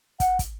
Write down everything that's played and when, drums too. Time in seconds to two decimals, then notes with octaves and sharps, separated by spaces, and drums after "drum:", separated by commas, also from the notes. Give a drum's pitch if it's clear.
0.20 F#5, drum: kick, hi-hat
0.39 drum: kick, hi-hat